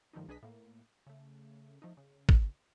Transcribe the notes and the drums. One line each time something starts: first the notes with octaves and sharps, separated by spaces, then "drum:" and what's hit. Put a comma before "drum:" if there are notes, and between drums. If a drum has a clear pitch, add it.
G2 D#3 F3 G3 A3 D#4
B1 D4 G#4 B4 D#5 B6
A2 A#3
C#3 A3
F3 A3 D#4
C#3
drum: kick